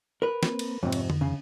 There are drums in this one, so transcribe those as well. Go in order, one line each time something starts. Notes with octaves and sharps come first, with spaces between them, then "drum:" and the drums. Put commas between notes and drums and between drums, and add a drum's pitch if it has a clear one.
A#4 B4
A#3 C4, drum: snare
drum: cymbal
F2 G#2 C3 C4 C#5
drum: cymbal
F2 D#3, drum: tom D3
C#3